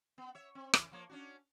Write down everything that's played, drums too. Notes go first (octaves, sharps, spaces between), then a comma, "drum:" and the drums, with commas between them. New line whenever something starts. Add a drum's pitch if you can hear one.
B3
C#5 E5
C4
E3 A#4 D5, drum: rim click
F3 A#3 C#5
C#4 D4 F#4